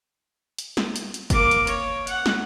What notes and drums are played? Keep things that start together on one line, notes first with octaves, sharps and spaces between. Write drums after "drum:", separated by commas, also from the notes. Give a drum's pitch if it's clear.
drum: hi-hat
drum: snare
drum: hi-hat
drum: hi-hat
A#3 D6, drum: kick, hi-hat
drum: hi-hat
C#5, drum: hi-hat
F#5, drum: hi-hat
drum: snare